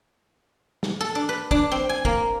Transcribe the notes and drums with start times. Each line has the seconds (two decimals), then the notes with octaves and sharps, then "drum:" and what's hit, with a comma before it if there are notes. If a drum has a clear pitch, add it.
0.83 drum: snare
1.01 A4
1.15 D4
1.29 B4
1.51 D4, drum: kick
1.71 C4
1.89 G#5
2.05 A#3, drum: kick